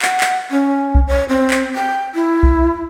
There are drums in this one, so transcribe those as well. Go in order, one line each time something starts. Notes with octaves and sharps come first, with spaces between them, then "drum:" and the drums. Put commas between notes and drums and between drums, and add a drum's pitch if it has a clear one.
F#5, drum: clap
drum: clap
C#4
drum: kick B1
C#5
C4
drum: clap
G5
E4
drum: kick B1